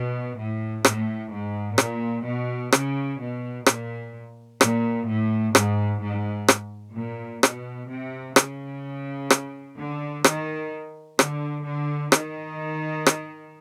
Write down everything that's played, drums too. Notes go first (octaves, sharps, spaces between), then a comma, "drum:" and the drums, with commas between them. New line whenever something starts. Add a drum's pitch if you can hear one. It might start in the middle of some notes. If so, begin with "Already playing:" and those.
Already playing: B2
A2
A2, drum: rim click
G#2
A#2, drum: rim click
B2
C#3, drum: rim click
B2
A#2, drum: rim click
A#2, drum: rim click
A2
G#2, drum: rim click
G#2
drum: rim click
A#2
B2, drum: rim click
C3
C#3, drum: rim click
drum: rim click
D3
D#3, drum: rim click
D3, drum: rim click
D3
D#3, drum: rim click
drum: rim click